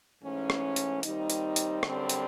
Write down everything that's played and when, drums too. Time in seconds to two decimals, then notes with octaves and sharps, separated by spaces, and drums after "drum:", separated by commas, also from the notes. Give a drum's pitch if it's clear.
0.23 G#2 E3 A3 C#4
0.50 drum: rim click
0.76 drum: hi-hat
1.03 D#2 D#3 G3 C4 D#4, drum: hi-hat
1.30 drum: hi-hat
1.56 drum: hi-hat
1.83 F#2 D3 G3 C4, drum: rim click
2.09 drum: hi-hat